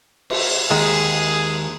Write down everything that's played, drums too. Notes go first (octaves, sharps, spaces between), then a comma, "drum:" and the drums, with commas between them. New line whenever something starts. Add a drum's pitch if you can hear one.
drum: cymbal
D#2 D#3 G#3 G#4